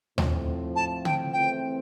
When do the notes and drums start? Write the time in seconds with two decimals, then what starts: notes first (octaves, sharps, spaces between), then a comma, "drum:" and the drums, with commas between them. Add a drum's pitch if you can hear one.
0.18 A2 F3 C4, drum: tom D#2
0.76 A5
1.05 G5, drum: tom
1.33 E2 E3 A3 C4 G5